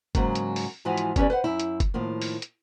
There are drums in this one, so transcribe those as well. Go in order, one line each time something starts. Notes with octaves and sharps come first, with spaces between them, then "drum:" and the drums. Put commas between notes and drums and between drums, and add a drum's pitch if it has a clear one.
G#2 C#3 F#3 A#3, drum: kick F#1, hi-hat
drum: hi-hat
drum: open hi-hat
G#2 E3 F3 E4 F#4 G#5
drum: hi-hat
E2 C#4 G4 B4 D5, drum: kick F#1, hi-hat
B4 C5 F#5
F#2 E4
drum: hi-hat
drum: kick F#1, hi-hat
A2 D#3 F3 A#3
drum: open hi-hat
drum: hi-hat